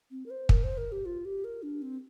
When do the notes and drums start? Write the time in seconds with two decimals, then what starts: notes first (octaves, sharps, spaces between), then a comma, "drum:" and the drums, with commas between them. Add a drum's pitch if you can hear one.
0.11 C4
0.26 A#4
0.31 C5
0.49 A#4, drum: kick
0.64 C5
0.78 A#4
0.92 G4
1.06 F4
1.25 G4
1.44 A#4
1.63 D4
1.82 C4